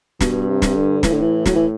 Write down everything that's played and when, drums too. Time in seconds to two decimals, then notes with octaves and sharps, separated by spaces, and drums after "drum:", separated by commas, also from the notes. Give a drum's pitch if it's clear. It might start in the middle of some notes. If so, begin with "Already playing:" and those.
0.21 G2 B2, drum: snare
0.49 C3
0.62 drum: snare
0.76 D3
1.03 A2 E3, drum: snare
1.12 D3
1.21 E3
1.46 F#3, drum: snare
1.55 E3